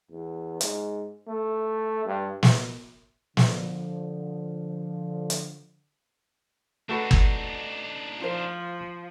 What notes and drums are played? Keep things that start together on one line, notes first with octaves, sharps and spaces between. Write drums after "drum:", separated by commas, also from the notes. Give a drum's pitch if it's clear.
E2
G#2, drum: hi-hat
A3
G2
drum: snare
D3 F3, drum: snare
drum: hi-hat
A3 D4 D#4 F#4 B4
drum: kick
F3 F4 C5